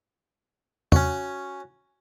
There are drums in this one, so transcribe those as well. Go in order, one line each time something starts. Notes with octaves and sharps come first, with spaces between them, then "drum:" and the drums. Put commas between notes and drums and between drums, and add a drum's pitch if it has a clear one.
C#4 F#4, drum: tom E2